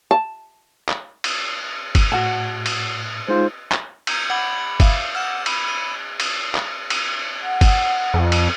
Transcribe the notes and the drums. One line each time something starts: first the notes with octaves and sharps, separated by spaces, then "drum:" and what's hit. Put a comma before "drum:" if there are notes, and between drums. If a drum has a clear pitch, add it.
A5
drum: clap
drum: cymbal
drum: kick G1, cymbal
A2 F#4 F#5 A5
drum: cymbal
G#3 D#4 F4 C5
drum: clap
A#5 G6 G#6 C#7, drum: cymbal
F#5 B5 D6 G#6 F#7
E5 F5 D6, drum: kick G1, cymbal
F#5 E6 F6 G6 E7
B5, drum: cymbal
D#7
drum: cymbal
drum: clap
drum: cymbal
F#5
drum: kick G1, cymbal
F2
drum: cymbal